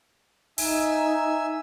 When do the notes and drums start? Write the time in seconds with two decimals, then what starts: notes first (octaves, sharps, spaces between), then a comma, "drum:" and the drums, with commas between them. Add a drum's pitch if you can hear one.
0.58 D#4 E5 G#5 E6, drum: open hi-hat